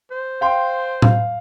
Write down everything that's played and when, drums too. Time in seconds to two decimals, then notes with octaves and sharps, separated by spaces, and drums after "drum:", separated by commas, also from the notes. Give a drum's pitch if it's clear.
0.11 C5
0.41 F5 G5 C6
1.02 F5, drum: tom A2